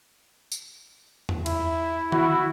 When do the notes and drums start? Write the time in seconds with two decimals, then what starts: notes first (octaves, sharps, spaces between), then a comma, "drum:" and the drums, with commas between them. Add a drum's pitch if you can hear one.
0.52 drum: tambourine
1.29 drum: tom E2
1.46 E4, drum: cymbal
2.12 E4 F#4, drum: tom D#3